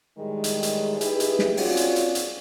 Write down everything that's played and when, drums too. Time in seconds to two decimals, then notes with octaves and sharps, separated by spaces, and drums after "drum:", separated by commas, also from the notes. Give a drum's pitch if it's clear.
0.18 A2 D#3 G3 G#3
0.44 drum: hi-hat
0.63 drum: hi-hat
1.01 D#4 E4 G4 G#4 B4, drum: hi-hat
1.20 drum: hi-hat
1.39 drum: snare
1.57 C4 C#4 F4 F#4 G#4 D5, drum: open hi-hat
1.77 drum: hi-hat
1.96 drum: hi-hat
2.15 drum: hi-hat